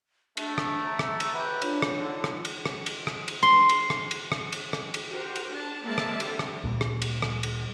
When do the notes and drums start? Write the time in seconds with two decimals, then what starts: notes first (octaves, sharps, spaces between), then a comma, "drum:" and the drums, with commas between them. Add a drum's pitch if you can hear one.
0.37 A3 D4, drum: cymbal
0.58 drum: rim click
0.83 E5 A#5 E6
0.99 drum: rim click
1.20 drum: cymbal
1.33 F#4 G4 B4
1.62 D4 F4 C#5, drum: cymbal
1.82 drum: rim click
1.98 D3 D#4
2.24 drum: rim click
2.45 drum: cymbal
2.66 drum: rim click
2.86 drum: cymbal
3.07 drum: rim click
3.28 drum: cymbal
3.43 C6
3.69 drum: cymbal
3.90 drum: rim click
4.11 drum: cymbal
4.32 drum: rim click
4.52 drum: cymbal
4.73 drum: rim click
4.94 drum: cymbal
5.09 F#4 G4 A#4 C5
5.36 drum: cymbal
5.48 D4 A5
5.84 G#3 A#3 C4 D5 E5 A5
5.98 drum: rim click
6.20 D3 G3, drum: cymbal
6.39 drum: rim click
6.64 D2 A#2 G3
6.81 drum: rim click
7.02 drum: cymbal
7.22 drum: rim click
7.43 drum: cymbal